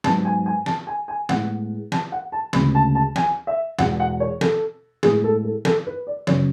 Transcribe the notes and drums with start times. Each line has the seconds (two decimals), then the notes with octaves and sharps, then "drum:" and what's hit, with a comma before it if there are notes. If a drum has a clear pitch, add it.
0.04 G#2 F#3 B3 A5, drum: snare
0.25 G#5
0.46 G#5
0.66 A5, drum: snare
0.87 G#5
1.08 G#5
1.29 A2 G#3 B3 F#5, drum: snare
1.92 A5, drum: snare
2.12 F#5
2.32 A5
2.53 D2 C#3 G#3 B3 B5, drum: snare
2.75 A5
2.95 A5
3.16 G#5, drum: snare
3.47 E5
3.79 E2 B2 G#3 F#5, drum: snare
4.00 F#5
4.20 C#5
4.41 A4, drum: snare
5.03 A2 G#3 B3 G#4, drum: snare
5.24 A4
5.44 A4
5.65 A4, drum: snare
5.87 B4
6.07 D5
6.27 F#2 C#3 F#3 B3 C#5, drum: snare